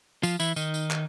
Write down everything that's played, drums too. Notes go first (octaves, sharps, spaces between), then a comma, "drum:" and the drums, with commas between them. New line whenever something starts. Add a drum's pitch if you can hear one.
F3 F4, drum: tambourine
E3 E4, drum: tambourine
D#3 D#4, drum: tambourine
drum: tambourine
drum: clap